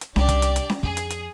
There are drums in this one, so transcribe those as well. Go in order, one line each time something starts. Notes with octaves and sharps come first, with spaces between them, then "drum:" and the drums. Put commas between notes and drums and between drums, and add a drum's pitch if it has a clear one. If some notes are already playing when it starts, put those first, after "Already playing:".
drum: hi-hat
C2 D4 G4 D5, drum: snare C#4
drum: kick, hi-hat
drum: hi-hat
drum: hi-hat
drum: snare C#4
F2 G#4, drum: kick
drum: hi-hat
drum: hi-hat